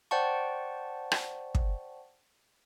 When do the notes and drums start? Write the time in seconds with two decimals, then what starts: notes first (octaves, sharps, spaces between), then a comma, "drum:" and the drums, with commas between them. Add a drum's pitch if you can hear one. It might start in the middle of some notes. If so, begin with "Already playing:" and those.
0.11 C5 D5 F#5 G5 A5 C#6
1.12 drum: rim click
1.55 drum: kick